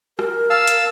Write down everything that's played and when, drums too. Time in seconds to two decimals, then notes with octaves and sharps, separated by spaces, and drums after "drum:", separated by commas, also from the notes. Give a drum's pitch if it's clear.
0.19 A#4, drum: rim click
0.50 F5 A5 E6
0.67 drum: hi-hat